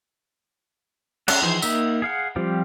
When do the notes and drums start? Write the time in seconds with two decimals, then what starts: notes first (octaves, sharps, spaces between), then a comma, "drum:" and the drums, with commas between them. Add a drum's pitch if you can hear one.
1.28 C#4 G#4 A4 D5 F#5, drum: cymbal
1.42 E3 F3 D#4 G#4 C5
1.62 A#3 D#4 E5, drum: tambourine
2.02 G#4 F5 F#5
2.36 F3 G3 C4 F4 G4